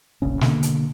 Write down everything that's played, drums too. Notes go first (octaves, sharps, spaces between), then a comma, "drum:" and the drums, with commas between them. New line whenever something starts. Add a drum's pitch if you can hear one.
E1 A#1 C#3 C#4
B2 D3 A#3, drum: snare
drum: hi-hat